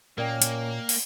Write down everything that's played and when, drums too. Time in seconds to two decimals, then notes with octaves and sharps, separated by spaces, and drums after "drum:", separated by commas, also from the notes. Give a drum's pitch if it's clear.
0.18 F#2 A#2 A#3 C#4 A#4 D5 G5
0.42 drum: hi-hat
0.89 drum: open hi-hat